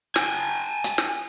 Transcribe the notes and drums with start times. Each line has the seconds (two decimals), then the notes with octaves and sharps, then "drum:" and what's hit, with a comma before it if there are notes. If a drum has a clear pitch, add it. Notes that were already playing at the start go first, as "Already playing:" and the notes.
0.16 G5 G#5, drum: snare
0.84 drum: hi-hat
0.98 drum: snare